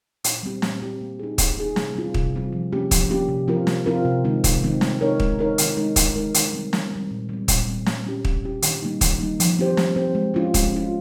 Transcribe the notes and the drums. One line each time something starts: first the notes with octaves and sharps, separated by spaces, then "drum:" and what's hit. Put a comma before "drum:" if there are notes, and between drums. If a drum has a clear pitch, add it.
A#2, drum: hi-hat
G3 C4 G4
A#2, drum: snare
G3 C4 G4
A#3
D#4 G#4
A#3, drum: kick, hi-hat
D#4 G#4
C3, drum: snare
G3 C4 F4
C3, drum: kick
G3 C4 F4
F3
A#3 C#4 G4
F3, drum: kick, hi-hat
A#3 C#4 G4
C3
F3 C4 F4 A#4
C3, drum: snare
F3 C4 F4 A#4
C3
D#3 G#3 C4 D#4
C3, drum: kick, hi-hat
D#3 G#3 C4 D#4
G#3, drum: snare
D#4 A#4 C#5
G#3, drum: kick
D#4 A#4 C#5
D#3, drum: hi-hat
G#3 D#4 A#4
D#3, drum: kick, hi-hat
G#3 D#4 A#4
D#3, drum: hi-hat
G3 C4
D#3, drum: snare
G3 C4
A#2
G3 C4
A#2, drum: kick, hi-hat
G3 C4
G3, drum: snare
C#4 G4
G3, drum: kick
C#4 G4
D#3, drum: hi-hat
G3 A#3 D#4
D#3, drum: kick, hi-hat
G3 A#3 D#4
F3, drum: hi-hat
C4 G4 C5
F3, drum: snare
C4 G4 C5
G#3
C#4 F4
G#3, drum: kick, hi-hat
C#4 F4